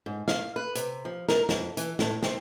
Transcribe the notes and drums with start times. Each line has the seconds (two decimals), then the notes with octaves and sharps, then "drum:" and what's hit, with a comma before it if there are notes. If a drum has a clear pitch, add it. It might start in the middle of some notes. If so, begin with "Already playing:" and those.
0.06 G#2
0.28 F5, drum: snare
0.56 B4
0.75 C3, drum: hi-hat
1.05 F3
1.29 A#4, drum: snare
1.49 F2, drum: snare
1.77 E3, drum: hi-hat
1.99 A2, drum: snare
2.23 C4, drum: snare